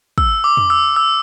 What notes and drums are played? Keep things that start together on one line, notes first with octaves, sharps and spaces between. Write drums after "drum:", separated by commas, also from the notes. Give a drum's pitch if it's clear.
E6, drum: kick
D6
drum: tom F2
E6
E6